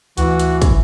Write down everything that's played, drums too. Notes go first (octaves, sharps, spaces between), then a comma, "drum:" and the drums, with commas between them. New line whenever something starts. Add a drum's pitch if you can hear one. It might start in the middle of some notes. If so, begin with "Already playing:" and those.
D2 E3 F#4, drum: hi-hat
drum: hi-hat
drum: kick, hi-hat